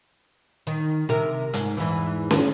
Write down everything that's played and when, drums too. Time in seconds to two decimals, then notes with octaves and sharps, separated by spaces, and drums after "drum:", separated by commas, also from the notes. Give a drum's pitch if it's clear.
0.67 D#3
1.09 C3 A#4
1.54 G#2, drum: hi-hat
1.77 E2 G#2 E3
2.31 drum: snare